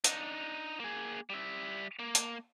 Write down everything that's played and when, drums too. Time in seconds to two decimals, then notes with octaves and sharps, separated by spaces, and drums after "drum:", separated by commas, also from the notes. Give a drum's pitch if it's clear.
0.04 D4 D#4, drum: hi-hat
0.80 A#3 G#4
1.30 G3 E5
1.99 A#3
2.15 drum: hi-hat